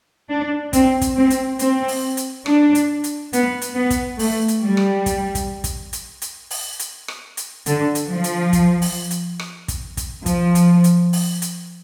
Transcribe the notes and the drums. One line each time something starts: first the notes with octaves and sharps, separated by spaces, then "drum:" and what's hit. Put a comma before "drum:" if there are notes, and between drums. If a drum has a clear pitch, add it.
D4
C4, drum: kick, hi-hat
drum: kick, hi-hat
C4
drum: hi-hat
C4, drum: hi-hat
drum: open hi-hat
drum: hi-hat
D4, drum: rim click
drum: hi-hat
drum: hi-hat
B3, drum: hi-hat
drum: hi-hat
B3
drum: kick, hi-hat
A3, drum: open hi-hat
drum: hi-hat
G3
drum: rim click
drum: kick, hi-hat
drum: kick, hi-hat
drum: kick, hi-hat
drum: hi-hat
drum: hi-hat
drum: open hi-hat
drum: hi-hat
drum: rim click
drum: hi-hat
D3, drum: hi-hat
drum: hi-hat
F3
drum: hi-hat
drum: kick, hi-hat
drum: open hi-hat
drum: hi-hat
drum: rim click
drum: kick, hi-hat
drum: kick, hi-hat
F3, drum: kick, hi-hat
drum: hi-hat
drum: hi-hat
drum: open hi-hat
drum: hi-hat